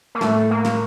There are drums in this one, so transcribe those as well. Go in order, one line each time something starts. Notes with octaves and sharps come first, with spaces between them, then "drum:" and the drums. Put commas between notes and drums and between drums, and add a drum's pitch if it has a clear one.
A#3
A2 A3, drum: snare
A#3
drum: snare